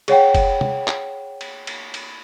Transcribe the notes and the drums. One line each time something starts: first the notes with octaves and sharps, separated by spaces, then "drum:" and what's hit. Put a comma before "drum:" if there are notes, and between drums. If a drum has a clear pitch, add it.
G#4 C#5 F#5 G5, drum: cymbal
drum: kick, cymbal
drum: tom
drum: clap
drum: cymbal
drum: cymbal
drum: cymbal